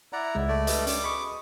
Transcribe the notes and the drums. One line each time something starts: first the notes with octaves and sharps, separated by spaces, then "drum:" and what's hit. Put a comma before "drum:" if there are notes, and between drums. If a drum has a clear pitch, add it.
E4 D5 F#5 A#5
C#2 G#3
A3 D5
G2 G3 D#5, drum: hi-hat
C#4 D6, drum: hi-hat
B2 G#3 B5 C#6 D#6